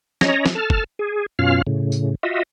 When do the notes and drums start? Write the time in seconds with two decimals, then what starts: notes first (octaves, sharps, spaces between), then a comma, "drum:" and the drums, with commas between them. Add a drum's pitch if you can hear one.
0.21 C#4 C#5 D#5 A#5, drum: snare
0.46 drum: snare
0.55 A4 A5 F6
0.70 drum: kick
0.99 G#4
1.39 F#2 B2 C#4 F4 F5 F6
1.67 A2 C#3
1.92 drum: tambourine
2.23 F4 F#4 D#5 E5